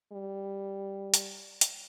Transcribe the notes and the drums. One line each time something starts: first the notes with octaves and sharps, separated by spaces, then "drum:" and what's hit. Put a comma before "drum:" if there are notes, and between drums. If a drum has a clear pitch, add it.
G3
drum: hi-hat
drum: hi-hat